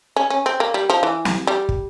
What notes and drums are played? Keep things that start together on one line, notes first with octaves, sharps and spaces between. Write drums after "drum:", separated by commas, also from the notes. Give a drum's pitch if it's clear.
C#4
C#4
C4
A#3
G3
F3
E3
drum: snare
G3
drum: kick